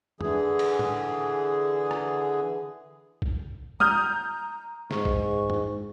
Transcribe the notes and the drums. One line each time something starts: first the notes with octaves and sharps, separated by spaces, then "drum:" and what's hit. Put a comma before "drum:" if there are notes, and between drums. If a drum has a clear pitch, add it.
D3 E3 G#4, drum: tom
drum: cymbal
drum: tom
drum: rim click
drum: kick A#1
A#5 D#6 F6 G6, drum: tom
G#2 C#6, drum: snare
drum: kick A#1
drum: tom